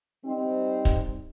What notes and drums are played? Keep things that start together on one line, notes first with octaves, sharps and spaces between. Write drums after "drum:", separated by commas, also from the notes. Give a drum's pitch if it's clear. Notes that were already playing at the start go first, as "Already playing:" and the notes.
G3 C4 D#4
drum: kick